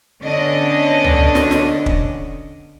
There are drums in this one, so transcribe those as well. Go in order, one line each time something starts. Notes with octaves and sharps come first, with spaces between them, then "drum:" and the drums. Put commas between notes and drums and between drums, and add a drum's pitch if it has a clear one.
D3 B3 C#4 D4 D#5
drum: tom
drum: snare
drum: snare
drum: kick